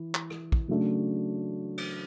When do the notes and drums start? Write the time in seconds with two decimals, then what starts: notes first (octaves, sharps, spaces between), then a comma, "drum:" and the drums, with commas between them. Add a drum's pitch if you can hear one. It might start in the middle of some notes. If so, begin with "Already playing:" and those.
Already playing: E3
0.15 drum: clap
0.30 drum: rim click
0.52 drum: kick
0.68 C#3 F#3 A3 D4
1.78 drum: cymbal